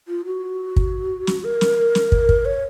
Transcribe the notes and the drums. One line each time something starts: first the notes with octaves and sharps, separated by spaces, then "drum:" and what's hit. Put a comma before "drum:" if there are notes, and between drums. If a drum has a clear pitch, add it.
F4
F#4
drum: kick
drum: snare
A#4
drum: snare
drum: snare
drum: kick
drum: kick
C#5